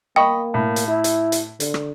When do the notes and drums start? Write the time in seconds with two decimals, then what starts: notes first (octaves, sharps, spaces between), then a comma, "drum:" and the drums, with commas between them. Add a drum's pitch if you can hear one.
0.16 A#3 D#5 G5 B5 C#6
0.54 A2
0.76 drum: hi-hat
0.88 E4
1.04 drum: hi-hat
1.32 drum: hi-hat
1.60 D3, drum: hi-hat
1.74 drum: rim click